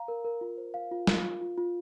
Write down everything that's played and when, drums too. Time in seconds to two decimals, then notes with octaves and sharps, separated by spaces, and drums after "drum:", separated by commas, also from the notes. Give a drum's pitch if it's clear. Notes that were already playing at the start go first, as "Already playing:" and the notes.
Already playing: F5 A#5
0.08 A#4
0.24 A#4
0.41 F4
0.57 C5
0.74 F5
0.91 F4
1.07 F4, drum: snare
1.24 F4
1.41 F4
1.58 F4